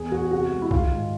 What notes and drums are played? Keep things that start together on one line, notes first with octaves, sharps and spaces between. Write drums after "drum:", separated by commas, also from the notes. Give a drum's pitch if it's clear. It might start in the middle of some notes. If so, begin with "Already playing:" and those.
Already playing: E2 G#4
E2 F#4
G4
C3 F#4
G#3
E4
D#3 F4, drum: kick B1
G#2